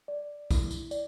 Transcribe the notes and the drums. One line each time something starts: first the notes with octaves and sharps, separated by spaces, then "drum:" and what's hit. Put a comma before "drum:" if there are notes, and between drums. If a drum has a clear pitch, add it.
D5
E4, drum: kick A#1, tambourine
drum: tambourine
D5, drum: tambourine